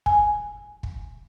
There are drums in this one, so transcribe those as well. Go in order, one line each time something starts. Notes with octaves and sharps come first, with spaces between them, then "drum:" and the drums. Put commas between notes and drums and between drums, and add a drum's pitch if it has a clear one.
G#5, drum: kick
drum: kick